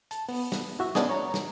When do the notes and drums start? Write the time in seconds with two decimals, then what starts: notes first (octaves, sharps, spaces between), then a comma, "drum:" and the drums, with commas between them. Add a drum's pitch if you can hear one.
0.11 A5, drum: hi-hat
0.29 B3, drum: open hi-hat
0.52 drum: snare
0.79 E4 F#4 E5
0.95 B3 C#4 D4 G#4 D5 D#5, drum: snare
1.09 C#5 A#5
1.34 drum: snare